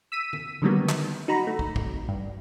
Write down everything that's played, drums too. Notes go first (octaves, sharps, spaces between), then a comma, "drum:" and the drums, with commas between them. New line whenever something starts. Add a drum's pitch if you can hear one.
E6 B6 D#7
drum: tom
D3 D#3 F#3 G3 A#3 B3
drum: clap
D#4 F#4 A#5 B5
A3
drum: kick
G#1, drum: kick
G2